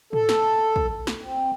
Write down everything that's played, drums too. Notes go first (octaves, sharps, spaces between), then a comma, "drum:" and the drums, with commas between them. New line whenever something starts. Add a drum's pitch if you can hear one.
A4, drum: tom
drum: snare
drum: kick
drum: snare
C4